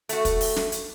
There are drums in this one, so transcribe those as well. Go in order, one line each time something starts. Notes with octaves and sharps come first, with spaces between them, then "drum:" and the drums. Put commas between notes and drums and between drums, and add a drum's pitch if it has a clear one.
A3 F#4, drum: hi-hat
drum: kick, hi-hat
drum: open hi-hat
drum: snare
drum: hi-hat